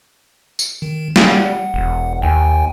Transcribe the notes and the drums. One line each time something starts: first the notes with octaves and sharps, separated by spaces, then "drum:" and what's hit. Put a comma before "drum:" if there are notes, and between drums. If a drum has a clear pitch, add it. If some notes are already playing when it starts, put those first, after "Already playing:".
drum: tambourine
D#3
G3 F#5, drum: snare
E1
D#2 G5 G#5